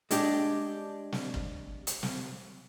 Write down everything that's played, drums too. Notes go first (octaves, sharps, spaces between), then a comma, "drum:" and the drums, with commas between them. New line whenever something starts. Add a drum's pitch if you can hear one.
G#3 D4 G4, drum: hi-hat
drum: snare
drum: kick
drum: hi-hat
drum: snare